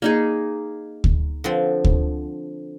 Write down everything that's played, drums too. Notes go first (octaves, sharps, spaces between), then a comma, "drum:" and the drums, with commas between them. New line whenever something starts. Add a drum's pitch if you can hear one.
A#3 D#4 G#4
drum: kick D2
D3 F3 C4
drum: kick D2